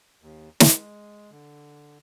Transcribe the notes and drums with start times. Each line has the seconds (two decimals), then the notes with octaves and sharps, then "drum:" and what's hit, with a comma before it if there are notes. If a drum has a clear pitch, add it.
0.22 D#2
0.60 G#3, drum: snare
1.31 D3